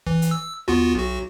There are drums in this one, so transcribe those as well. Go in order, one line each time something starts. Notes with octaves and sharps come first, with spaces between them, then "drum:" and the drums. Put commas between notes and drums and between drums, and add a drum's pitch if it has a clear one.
E3, drum: kick
drum: hi-hat
E6
B3 F4 F#4, drum: tom D#2
B1 F#4